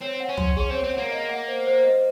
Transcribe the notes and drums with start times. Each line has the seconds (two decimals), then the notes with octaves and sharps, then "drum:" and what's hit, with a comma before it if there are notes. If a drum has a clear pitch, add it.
0.01 C4 C#5
0.20 F#5
0.29 C#4
0.37 C6, drum: tom
0.57 C#4 G#4
0.70 C4 C#5
0.84 C4
0.94 A#3 F#5
1.11 D#5
1.29 F#5
1.48 C5
1.67 C5
1.84 D#5